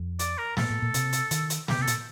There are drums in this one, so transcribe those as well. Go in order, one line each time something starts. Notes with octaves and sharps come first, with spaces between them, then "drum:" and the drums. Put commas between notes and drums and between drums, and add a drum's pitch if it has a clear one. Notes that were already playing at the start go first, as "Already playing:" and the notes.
Already playing: F2
D5, drum: hi-hat
A#4
A2 A4, drum: snare
A2
A#2
C3, drum: hi-hat
drum: hi-hat
D#3, drum: hi-hat
drum: hi-hat
D3 G4, drum: snare
C3
A4
A#2, drum: hi-hat